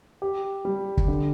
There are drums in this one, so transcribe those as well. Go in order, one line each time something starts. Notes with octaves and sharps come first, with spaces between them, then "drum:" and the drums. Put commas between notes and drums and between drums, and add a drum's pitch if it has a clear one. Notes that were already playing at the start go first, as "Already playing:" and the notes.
G4
G3
drum: kick
D3